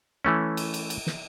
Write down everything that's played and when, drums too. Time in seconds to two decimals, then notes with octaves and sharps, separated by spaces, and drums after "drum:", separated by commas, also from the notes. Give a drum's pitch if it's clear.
0.25 E3 A3 C#4
0.57 drum: cymbal
0.74 drum: cymbal
0.90 drum: cymbal
1.07 drum: snare